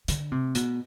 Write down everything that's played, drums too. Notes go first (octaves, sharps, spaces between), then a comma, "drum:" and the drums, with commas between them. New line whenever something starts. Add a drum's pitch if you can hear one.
D3, drum: hi-hat
C3
B2, drum: hi-hat